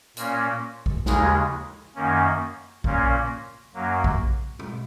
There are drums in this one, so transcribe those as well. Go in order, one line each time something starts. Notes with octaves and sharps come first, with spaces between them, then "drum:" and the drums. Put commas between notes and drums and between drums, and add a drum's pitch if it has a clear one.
A#2 A#3 C#4, drum: hi-hat
drum: kick A#1
D#2 C#3 G#3, drum: snare
F#2 D#3 A#3 C#4
A#2 A#3 C#4, drum: kick A#1
F#2 F#3 A#3
drum: kick A#1
drum: tom